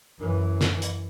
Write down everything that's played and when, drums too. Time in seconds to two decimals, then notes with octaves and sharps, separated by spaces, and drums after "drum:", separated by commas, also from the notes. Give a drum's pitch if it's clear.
0.18 F#2 E3
0.61 drum: snare
0.82 drum: hi-hat